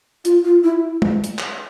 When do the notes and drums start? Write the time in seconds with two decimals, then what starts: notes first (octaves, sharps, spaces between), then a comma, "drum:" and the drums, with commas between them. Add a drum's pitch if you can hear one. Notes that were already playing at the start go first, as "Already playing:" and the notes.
0.25 F4, drum: hi-hat
0.44 F4
0.64 E4
1.02 drum: tom
1.24 drum: hi-hat
1.38 drum: clap